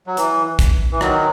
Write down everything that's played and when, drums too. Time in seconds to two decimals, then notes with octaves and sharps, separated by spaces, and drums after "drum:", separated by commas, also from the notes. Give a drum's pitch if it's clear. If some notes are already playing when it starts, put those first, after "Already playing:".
0.07 F#3
0.17 E3, drum: hi-hat
0.59 drum: kick, hi-hat
0.92 E3
1.01 D#3 F#3, drum: rim click